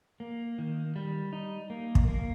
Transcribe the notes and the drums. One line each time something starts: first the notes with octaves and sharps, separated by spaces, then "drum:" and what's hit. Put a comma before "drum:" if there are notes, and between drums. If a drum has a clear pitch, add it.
A#3
D#3
G3
D#4
A#3
drum: kick
A#3